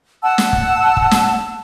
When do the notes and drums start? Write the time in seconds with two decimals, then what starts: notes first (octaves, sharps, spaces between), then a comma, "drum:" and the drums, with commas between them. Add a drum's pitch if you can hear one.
0.23 F#5 A5 E6
0.38 drum: snare
0.53 drum: kick
0.97 drum: kick
1.11 drum: snare